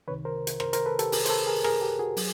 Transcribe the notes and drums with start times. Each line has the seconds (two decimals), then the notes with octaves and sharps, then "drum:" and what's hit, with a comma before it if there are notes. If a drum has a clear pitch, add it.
0.08 C2 C3 D#3 B4 C#5
0.25 A#4 C5
0.47 drum: hi-hat
0.60 A#4 C5, drum: rim click
0.73 A#4 C5, drum: hi-hat
0.86 A4 B4
0.99 G4 A4, drum: hi-hat
1.12 G#4 A#4, drum: open hi-hat
1.26 C5, drum: hi-hat
1.30 A4 B4
1.47 G#4 A#4
1.64 G#4 A#4, drum: rim click
1.82 G4 A4
1.99 F#4 G#4
2.17 F#3, drum: open hi-hat